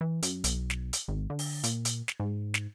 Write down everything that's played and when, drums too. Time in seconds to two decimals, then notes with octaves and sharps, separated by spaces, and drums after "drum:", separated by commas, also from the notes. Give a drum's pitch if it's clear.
0.01 E3
0.22 F#2, drum: hi-hat
0.44 B1, drum: hi-hat
0.70 drum: snare
0.93 drum: hi-hat
1.08 G#1
1.30 D3
1.39 drum: open hi-hat
1.63 A#2, drum: hi-hat
1.85 drum: hi-hat
2.08 drum: snare
2.20 G#2
2.54 drum: snare